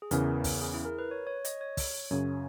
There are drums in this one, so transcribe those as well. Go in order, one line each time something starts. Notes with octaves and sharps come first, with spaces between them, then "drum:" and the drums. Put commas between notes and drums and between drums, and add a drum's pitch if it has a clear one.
G#4
E2 C#3 E3 A#4, drum: hi-hat
drum: kick, open hi-hat
G#4
E4
A#4
B4
C#5
C#5
D#5, drum: hi-hat
C#5
drum: kick, open hi-hat
F#2 C#3 F#3 C#5